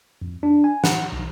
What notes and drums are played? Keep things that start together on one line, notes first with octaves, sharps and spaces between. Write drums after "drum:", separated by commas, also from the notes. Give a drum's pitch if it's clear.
F2
D4
G#5
F#5, drum: snare
B1